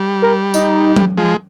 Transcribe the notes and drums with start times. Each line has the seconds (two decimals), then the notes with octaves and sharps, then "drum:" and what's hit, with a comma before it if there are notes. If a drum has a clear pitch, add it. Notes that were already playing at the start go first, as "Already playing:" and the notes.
Already playing: G3
0.22 A#4
0.54 D#4, drum: tambourine
0.96 drum: tom F#3
1.17 F3 G#3